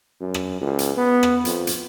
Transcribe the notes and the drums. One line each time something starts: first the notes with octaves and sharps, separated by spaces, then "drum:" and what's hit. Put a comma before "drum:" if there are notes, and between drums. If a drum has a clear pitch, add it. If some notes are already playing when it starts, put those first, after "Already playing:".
F#2
drum: rim click
C#2
drum: hi-hat
B3
drum: rim click
F2, drum: hi-hat
drum: hi-hat